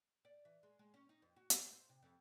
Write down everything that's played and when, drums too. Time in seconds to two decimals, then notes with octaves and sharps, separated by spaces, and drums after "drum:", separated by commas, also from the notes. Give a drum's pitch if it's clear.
0.25 D5
0.45 E3
0.63 G#3
0.79 G#3
0.94 C#4
1.09 D#4
1.22 F2
1.36 F#4
1.50 G#3, drum: hi-hat
1.73 C5
1.89 C3
2.03 F2